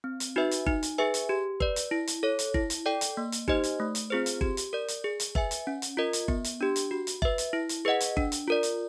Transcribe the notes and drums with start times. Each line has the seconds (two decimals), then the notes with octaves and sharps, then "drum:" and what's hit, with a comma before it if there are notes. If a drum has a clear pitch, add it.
0.04 C4
0.20 drum: hi-hat
0.36 D#4 F#4 B4 E5
0.51 drum: hi-hat
0.66 D#4, drum: kick G1
0.83 drum: hi-hat
0.98 G#4 B4 E5 G#5
1.14 drum: hi-hat
1.29 G4
1.60 B4 D5, drum: kick G1
1.76 drum: hi-hat
1.91 E4
2.07 drum: hi-hat
2.23 A4 C#5
2.39 drum: hi-hat
2.54 E4, drum: kick G1
2.70 drum: hi-hat
2.86 A4 D5 G5
3.01 drum: hi-hat
3.17 A#3
3.32 drum: hi-hat
3.48 D#4 G4 C5 D#5, drum: kick G1
3.63 drum: hi-hat
3.80 A3
3.95 drum: hi-hat
4.10 C4 F4 G#4 C5
4.26 drum: hi-hat
4.41 G4, drum: kick G1
4.57 drum: hi-hat
4.73 A#4 D5
4.88 drum: hi-hat
5.04 G#4
5.20 drum: hi-hat
5.35 B4 E5 G#5, drum: kick G1
5.51 drum: hi-hat
5.67 C#4
5.82 drum: hi-hat
5.97 F4 A#4 D#5
6.13 drum: hi-hat
6.28 B3, drum: kick G1
6.44 drum: hi-hat
6.61 D4 G4
6.76 drum: hi-hat
6.91 F#4
7.07 drum: hi-hat
7.22 B4 E5, drum: kick G1
7.38 drum: hi-hat
7.53 E4
7.69 drum: hi-hat
7.85 G#4 B4 D#5 F#5
8.00 drum: hi-hat
8.17 D4, drum: kick G1
8.32 drum: hi-hat
8.48 F4 A#4 D5
8.63 drum: hi-hat